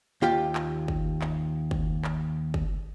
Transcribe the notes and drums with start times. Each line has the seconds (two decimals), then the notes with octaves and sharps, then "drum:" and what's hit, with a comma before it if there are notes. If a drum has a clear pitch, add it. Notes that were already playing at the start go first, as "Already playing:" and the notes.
0.22 D#2 F4 G4 G5
0.55 drum: clap
0.88 drum: kick
1.21 drum: clap
1.71 drum: kick
2.04 drum: clap
2.54 drum: kick